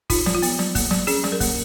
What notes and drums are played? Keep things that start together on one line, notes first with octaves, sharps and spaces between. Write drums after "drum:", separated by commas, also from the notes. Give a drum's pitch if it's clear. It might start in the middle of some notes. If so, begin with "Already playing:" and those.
D#4 F4, drum: kick, open hi-hat
F3, drum: snare
F4
B3, drum: open hi-hat
F#3, drum: snare
A#3, drum: kick, open hi-hat
F#3, drum: snare
C#4 G#4, drum: open hi-hat
F#3, drum: snare
A#4
A#3, drum: kick, open hi-hat